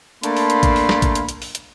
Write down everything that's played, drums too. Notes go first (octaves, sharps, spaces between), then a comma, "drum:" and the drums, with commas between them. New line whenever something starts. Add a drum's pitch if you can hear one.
A3 A#3 D4 F5 B5 C6, drum: hi-hat
drum: open hi-hat
drum: hi-hat
drum: kick, hi-hat
drum: open hi-hat
drum: snare
drum: kick, hi-hat
drum: hi-hat
drum: hi-hat
drum: open hi-hat
drum: hi-hat